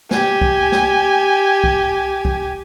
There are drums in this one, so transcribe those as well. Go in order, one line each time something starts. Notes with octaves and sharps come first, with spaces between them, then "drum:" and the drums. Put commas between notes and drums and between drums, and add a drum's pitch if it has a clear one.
G4 G#5, drum: snare
drum: kick C2
drum: snare
drum: kick C2
drum: kick C2